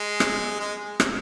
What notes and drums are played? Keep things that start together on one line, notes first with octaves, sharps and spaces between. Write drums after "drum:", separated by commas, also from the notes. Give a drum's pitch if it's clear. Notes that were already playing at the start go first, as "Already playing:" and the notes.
Already playing: G#3
drum: rim click
G#3
drum: rim click